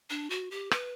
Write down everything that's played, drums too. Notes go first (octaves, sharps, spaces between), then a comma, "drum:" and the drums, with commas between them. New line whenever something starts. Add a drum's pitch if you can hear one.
D4
F#4
G4
B4, drum: rim click